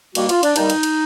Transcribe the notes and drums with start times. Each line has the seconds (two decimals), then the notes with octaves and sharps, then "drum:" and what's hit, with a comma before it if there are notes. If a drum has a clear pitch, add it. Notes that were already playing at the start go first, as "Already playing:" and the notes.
0.15 G2 D#3 G3 A#3 F#4, drum: cymbal
0.29 F4, drum: cymbal
0.43 D4, drum: cymbal
0.56 G2 D#3 G3 A#3 D#4, drum: cymbal
0.70 drum: cymbal
0.83 drum: cymbal